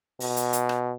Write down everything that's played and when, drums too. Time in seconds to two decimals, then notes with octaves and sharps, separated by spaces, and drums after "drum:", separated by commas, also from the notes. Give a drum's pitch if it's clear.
0.20 B2, drum: open hi-hat
0.37 drum: hi-hat
0.53 drum: hi-hat
0.69 drum: rim click